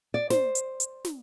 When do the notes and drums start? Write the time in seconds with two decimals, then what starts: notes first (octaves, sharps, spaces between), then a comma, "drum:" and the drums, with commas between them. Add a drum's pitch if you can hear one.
0.14 D5
0.30 C5, drum: snare
0.55 drum: hi-hat
0.80 drum: hi-hat
1.05 drum: snare